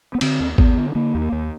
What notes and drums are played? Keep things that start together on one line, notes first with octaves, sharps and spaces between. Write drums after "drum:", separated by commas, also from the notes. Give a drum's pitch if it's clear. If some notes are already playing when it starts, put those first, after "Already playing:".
B3
D3 C4, drum: cymbal
D#2
D#2 B3, drum: kick G#1
D3
D3 A#3
D#2
D#2